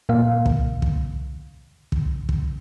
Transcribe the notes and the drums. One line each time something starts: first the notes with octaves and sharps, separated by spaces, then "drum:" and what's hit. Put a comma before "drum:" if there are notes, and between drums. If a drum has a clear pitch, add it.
A#2 A#3 F5
drum: kick
drum: kick
drum: kick
drum: kick